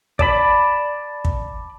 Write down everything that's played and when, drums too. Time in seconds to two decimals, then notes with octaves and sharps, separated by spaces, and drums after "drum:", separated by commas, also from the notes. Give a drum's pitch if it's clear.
0.19 D5 A5 B5, drum: kick
1.25 drum: kick